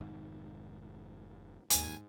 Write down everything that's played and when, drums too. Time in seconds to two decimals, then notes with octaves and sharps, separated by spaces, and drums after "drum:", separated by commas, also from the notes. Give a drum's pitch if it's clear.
0.01 F1 G#2 D#3
1.70 D#2 G#2 G#5, drum: hi-hat